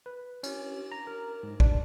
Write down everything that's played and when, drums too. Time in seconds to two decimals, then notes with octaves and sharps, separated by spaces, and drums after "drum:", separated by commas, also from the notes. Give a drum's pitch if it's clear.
0.06 B4
0.43 C#4, drum: cymbal
0.92 A#5
1.07 A#4
1.43 G#2
1.60 D4, drum: kick A#1